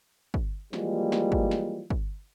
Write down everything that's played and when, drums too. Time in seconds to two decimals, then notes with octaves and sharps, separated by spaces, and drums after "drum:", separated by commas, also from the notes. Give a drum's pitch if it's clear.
0.34 drum: kick
0.73 E3 F3 G3 G#3 A#3, drum: snare
1.12 drum: snare
1.32 drum: kick
1.51 drum: snare
1.90 drum: kick